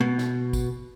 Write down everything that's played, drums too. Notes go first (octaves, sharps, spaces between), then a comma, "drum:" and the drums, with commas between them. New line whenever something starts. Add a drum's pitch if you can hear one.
B2
drum: snare
drum: kick, tambourine